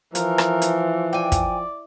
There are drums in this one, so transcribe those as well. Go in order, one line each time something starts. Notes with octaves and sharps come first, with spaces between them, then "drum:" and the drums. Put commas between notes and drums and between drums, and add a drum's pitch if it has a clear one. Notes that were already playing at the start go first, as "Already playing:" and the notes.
E3 F3 A#4, drum: hi-hat
drum: rim click
drum: hi-hat
D5 G5 G#5
drum: kick, hi-hat